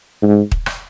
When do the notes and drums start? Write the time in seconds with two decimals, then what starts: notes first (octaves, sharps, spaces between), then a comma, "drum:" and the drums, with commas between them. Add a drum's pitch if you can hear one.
0.23 G#2
0.52 drum: kick
0.66 drum: rim click